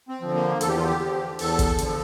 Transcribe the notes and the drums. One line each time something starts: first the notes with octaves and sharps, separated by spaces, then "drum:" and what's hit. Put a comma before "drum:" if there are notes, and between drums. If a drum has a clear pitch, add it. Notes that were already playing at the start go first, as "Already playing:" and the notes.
C4
D3 F3
A#3
E2 A4, drum: hi-hat
G4
F4
G4
D3 F3
E2 A4, drum: open hi-hat
drum: kick, hi-hat
D3 F3, drum: hi-hat